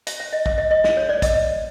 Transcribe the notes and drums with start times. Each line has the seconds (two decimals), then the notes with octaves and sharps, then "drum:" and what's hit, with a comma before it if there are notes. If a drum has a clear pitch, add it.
0.07 E5, drum: hi-hat
0.20 E5
0.33 D#5
0.46 E5, drum: kick
0.58 D#5
0.71 D#5
0.84 drum: snare
0.97 C#5
1.09 D5
1.22 D#5, drum: kick, hi-hat